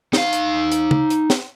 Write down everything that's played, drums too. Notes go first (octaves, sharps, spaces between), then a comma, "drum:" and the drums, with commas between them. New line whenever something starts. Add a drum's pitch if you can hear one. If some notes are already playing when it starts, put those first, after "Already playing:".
D#4 F5, drum: snare
drum: hi-hat
drum: hi-hat
drum: tom
drum: hi-hat
drum: snare